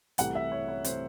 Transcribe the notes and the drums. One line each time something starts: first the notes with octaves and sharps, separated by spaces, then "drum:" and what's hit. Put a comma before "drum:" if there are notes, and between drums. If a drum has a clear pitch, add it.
C2 C3 E3 A3 F#5, drum: hi-hat
E5
C#5
C#5
C3 E3 A3 C5, drum: hi-hat